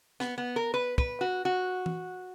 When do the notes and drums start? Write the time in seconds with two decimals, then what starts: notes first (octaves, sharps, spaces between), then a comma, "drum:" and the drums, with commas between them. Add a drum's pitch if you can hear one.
0.20 B3, drum: snare
0.38 B3
0.56 A#4
0.74 B4
0.98 B4, drum: kick
1.21 F#4
1.45 F#4
1.86 drum: tom E3